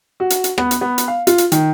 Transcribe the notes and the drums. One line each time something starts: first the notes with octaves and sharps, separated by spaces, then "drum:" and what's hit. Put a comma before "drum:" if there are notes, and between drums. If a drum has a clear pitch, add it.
F#4
drum: hi-hat
drum: hi-hat
B3, drum: rim click
drum: hi-hat
B3
drum: hi-hat
F5
F4, drum: hi-hat
drum: hi-hat
D#3, drum: hi-hat